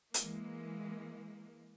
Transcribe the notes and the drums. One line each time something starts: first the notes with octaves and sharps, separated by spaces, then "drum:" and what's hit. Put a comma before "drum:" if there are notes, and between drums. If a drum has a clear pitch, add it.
E3 G#3 A#3, drum: hi-hat